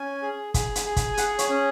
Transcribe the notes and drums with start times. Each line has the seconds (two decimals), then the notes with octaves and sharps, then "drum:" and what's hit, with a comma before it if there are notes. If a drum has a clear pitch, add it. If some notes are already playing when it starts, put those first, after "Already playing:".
Already playing: C#4 G#5
0.22 G#4
0.54 G#4, drum: kick, hi-hat
0.75 drum: hi-hat
0.86 G#4
0.97 drum: kick, hi-hat
1.13 G#5
1.17 G#4 F#5, drum: hi-hat
1.39 C#5, drum: hi-hat
1.50 C#4